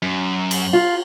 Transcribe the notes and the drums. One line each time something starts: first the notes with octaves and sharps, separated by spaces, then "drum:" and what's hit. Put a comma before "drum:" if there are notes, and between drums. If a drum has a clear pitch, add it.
F#2
drum: cymbal
F4